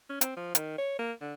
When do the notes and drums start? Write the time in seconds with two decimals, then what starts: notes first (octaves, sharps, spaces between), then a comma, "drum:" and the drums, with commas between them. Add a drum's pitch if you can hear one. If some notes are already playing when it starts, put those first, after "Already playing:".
0.10 C#4
0.21 C4, drum: hi-hat
0.37 F3
0.55 D#3, drum: hi-hat
0.78 C#5
0.99 A#3
1.21 D3